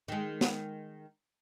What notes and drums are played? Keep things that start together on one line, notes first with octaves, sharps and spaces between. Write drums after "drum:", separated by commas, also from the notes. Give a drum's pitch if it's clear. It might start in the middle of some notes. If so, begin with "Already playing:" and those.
D#3 G#3
drum: snare